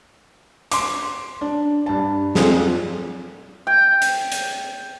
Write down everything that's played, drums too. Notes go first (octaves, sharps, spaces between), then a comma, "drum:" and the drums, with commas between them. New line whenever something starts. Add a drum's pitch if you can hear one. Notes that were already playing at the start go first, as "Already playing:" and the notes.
C6 D6, drum: hi-hat
D4
G2 A5
F2 G#4, drum: snare
G5
drum: hi-hat
drum: hi-hat